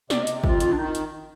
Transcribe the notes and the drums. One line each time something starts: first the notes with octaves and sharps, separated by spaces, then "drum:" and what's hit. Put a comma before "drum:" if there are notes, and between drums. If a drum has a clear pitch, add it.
C3 D5, drum: snare
D#5
C3, drum: hi-hat
F2 F4, drum: kick
D#3 F4, drum: hi-hat
D4
D#3 D#4
drum: hi-hat